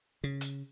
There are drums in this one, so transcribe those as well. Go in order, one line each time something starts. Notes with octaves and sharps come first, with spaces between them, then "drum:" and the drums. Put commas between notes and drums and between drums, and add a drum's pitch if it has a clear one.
C#3
drum: hi-hat